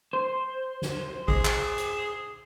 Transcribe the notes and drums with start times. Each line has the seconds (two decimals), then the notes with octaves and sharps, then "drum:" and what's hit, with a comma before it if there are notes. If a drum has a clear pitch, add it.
0.13 C5
0.82 drum: snare
1.28 G#4, drum: kick G#1
1.45 drum: clap
1.78 drum: hi-hat